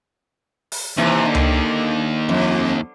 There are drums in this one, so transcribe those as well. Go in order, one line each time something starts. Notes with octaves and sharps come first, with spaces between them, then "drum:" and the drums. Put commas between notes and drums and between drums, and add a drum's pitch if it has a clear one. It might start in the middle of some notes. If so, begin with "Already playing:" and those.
drum: open hi-hat
D#2 C3 E3
D3
drum: tom C#2
F2